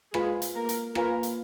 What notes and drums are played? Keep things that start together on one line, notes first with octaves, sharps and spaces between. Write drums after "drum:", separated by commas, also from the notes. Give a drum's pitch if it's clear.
G#3 F4 G#4 B4 F5 G#5 B5, drum: rim click
drum: hi-hat
A#3 A#4
drum: hi-hat
A#3 F4 A#4 B4 F5 G#5 B5, drum: rim click
drum: hi-hat